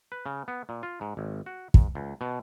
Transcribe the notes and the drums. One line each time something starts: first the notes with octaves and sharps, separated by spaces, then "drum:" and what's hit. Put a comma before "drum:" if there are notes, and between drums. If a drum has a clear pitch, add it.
B4
C#3
B3
A#2
F4
G#2
G#1
F#4
G#2, drum: kick
C#2
B2